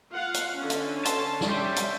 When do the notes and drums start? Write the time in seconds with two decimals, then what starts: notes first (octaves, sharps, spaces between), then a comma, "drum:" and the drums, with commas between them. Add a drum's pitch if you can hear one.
0.14 F4 F5 F#5
0.34 drum: hi-hat
0.58 D3 C#4
0.70 drum: hi-hat
1.05 A5 C6, drum: hi-hat
1.41 drum: snare
1.50 G3 C#4 E5 C6 G6
1.76 drum: hi-hat